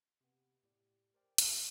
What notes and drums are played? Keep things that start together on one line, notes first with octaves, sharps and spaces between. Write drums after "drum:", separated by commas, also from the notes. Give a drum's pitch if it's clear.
C3 B3
A2 G4 D5
A#4 C5 D5 G5
G#3 A#3 C4 A#4 B4 C#5, drum: hi-hat